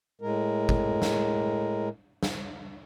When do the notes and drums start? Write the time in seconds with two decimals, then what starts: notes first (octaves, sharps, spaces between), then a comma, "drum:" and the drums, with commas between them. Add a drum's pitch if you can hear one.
0.22 A2 G#3 A#4
0.69 drum: kick
1.02 drum: snare
2.23 drum: snare